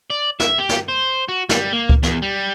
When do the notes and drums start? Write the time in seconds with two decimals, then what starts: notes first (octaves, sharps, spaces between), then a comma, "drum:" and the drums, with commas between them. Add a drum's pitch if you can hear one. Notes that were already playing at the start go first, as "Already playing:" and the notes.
0.10 D5
0.40 E5, drum: snare
0.58 G4
0.69 drum: snare
0.88 C5
1.28 F#4
1.49 G3, drum: snare
1.73 A#3
1.89 drum: kick C#2
2.03 E2, drum: snare
2.22 G3